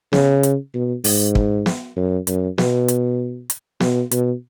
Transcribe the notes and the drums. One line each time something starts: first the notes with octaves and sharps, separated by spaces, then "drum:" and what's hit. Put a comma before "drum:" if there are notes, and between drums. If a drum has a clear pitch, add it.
C#3, drum: snare
drum: hi-hat
B2
G#2, drum: open hi-hat
drum: kick
drum: snare
F#2
F#2, drum: hi-hat
B2, drum: snare
drum: hi-hat
drum: hi-hat
B2, drum: snare
B2, drum: hi-hat